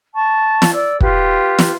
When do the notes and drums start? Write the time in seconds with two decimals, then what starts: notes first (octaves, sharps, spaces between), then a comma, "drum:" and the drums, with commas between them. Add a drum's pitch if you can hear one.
0.15 A5 C#6
0.62 drum: snare
0.73 D5 E6
1.01 F4 G4 B4, drum: kick
1.59 drum: snare